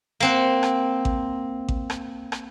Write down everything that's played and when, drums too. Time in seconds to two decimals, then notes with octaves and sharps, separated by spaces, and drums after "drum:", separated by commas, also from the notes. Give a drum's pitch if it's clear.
0.20 A#3 C4 F#5
0.63 drum: rim click
1.05 drum: kick A1
1.68 drum: kick A1
1.90 drum: rim click
2.32 drum: rim click